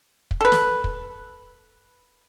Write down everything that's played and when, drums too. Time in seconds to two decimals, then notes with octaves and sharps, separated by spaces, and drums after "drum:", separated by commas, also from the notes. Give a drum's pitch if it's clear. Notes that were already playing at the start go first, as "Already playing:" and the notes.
0.31 drum: kick
0.41 A4 B4
0.52 drum: snare
0.84 drum: kick